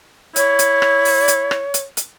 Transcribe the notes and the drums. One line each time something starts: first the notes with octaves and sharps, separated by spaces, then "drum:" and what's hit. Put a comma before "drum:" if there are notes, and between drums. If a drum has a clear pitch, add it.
E4 C#5, drum: hi-hat
drum: hi-hat
drum: rim click
drum: open hi-hat
drum: hi-hat
drum: rim click
drum: hi-hat
drum: hi-hat